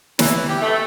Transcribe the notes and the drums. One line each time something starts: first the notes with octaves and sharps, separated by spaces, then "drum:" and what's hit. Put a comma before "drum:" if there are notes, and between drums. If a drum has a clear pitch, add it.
E3, drum: snare
G4
A3